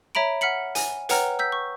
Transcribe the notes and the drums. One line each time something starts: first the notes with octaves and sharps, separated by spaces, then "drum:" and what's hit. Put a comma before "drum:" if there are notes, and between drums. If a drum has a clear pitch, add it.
C#5 E5 A#5 B5 D7
F#5 F6 B6 C#7 F#7
G#5, drum: hi-hat
B4 C#5 F#5 G5 A#5 F6, drum: hi-hat
E6 G6 B6
C#6